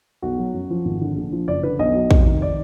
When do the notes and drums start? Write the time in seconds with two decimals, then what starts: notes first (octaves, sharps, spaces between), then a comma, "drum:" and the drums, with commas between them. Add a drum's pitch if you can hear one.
0.22 B1 F#4
0.39 F#3
0.54 F#2
0.70 F3
0.85 G#1
1.01 D3
1.16 A#1
1.32 F3
1.48 F#1 D5
1.63 D3 B4
1.79 B1 D#5
1.95 F#3
2.11 F1, drum: kick
2.26 D#3
2.42 D5